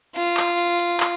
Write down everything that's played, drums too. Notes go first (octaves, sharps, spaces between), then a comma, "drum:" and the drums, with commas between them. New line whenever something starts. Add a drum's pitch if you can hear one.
F4, drum: hi-hat
drum: clap
drum: hi-hat
drum: hi-hat
drum: clap